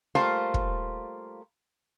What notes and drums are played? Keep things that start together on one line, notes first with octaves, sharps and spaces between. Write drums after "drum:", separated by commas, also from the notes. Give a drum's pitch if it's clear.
G3 A3 A#3 F4 C5 F5
drum: kick